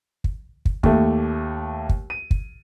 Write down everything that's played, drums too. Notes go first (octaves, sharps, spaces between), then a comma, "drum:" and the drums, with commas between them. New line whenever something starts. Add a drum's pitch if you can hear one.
drum: kick
drum: kick
D#2 A3, drum: kick
drum: kick
D#7
drum: kick